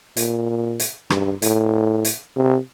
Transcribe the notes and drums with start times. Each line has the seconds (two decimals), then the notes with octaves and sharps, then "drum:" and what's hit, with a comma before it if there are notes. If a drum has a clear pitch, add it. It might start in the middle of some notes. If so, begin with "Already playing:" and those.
0.17 A#2, drum: hi-hat
0.80 drum: hi-hat
1.10 G2, drum: rim click
1.42 A2, drum: hi-hat
2.05 drum: hi-hat
2.36 C3